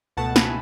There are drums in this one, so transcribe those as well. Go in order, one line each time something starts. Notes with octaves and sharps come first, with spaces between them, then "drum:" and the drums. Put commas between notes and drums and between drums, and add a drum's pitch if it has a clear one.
C#2 B2 A3 F#5 A5
G#5 B5, drum: snare